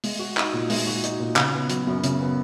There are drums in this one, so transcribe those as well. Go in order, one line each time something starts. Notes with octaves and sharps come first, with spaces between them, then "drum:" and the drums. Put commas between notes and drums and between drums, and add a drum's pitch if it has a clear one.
G#3, drum: open hi-hat
F#4
D#4, drum: clap
A#2
G#3, drum: open hi-hat
F#4
D#4, drum: hi-hat
A#2
C#3, drum: clap
B3
F#3, drum: hi-hat
F#2
C#3, drum: hi-hat
B3